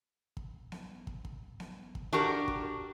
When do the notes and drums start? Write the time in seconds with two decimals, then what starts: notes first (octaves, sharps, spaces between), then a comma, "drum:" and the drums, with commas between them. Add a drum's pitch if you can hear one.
0.37 drum: kick
0.72 drum: snare B3
1.07 drum: kick
1.25 drum: kick
1.60 drum: snare B3
1.95 drum: kick
2.13 D4 F#4 G4 A#4
2.48 drum: kick